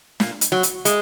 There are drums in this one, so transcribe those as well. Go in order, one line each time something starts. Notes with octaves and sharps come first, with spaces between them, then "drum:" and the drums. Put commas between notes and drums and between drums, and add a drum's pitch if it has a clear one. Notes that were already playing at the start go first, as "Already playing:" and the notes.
A#2, drum: snare
drum: hi-hat
F#3
drum: hi-hat
G#3, drum: hi-hat